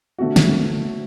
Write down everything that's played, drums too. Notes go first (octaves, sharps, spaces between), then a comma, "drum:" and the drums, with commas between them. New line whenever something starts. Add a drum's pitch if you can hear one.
D3 A3 C4 F#4
drum: snare